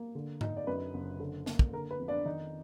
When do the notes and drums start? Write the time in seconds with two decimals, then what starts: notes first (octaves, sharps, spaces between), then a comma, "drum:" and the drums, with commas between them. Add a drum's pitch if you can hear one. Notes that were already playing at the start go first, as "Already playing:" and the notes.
Already playing: A#3
0.15 D3
0.41 D#4, drum: tom G#2
0.57 D5
0.67 F#2 B4
0.94 F#1
1.20 D3
1.46 A#3, drum: snare
1.59 drum: kick
1.73 D3 A#4
1.91 B4
1.99 F2
2.08 D4 D5
2.25 D#3 D#4 D#5